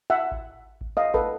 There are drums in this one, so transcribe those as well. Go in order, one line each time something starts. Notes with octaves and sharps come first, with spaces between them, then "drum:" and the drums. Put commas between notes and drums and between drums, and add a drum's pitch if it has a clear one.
E5 F#5
drum: kick G#1
drum: kick G#1
D#5 F5
A4 B4, drum: kick G#1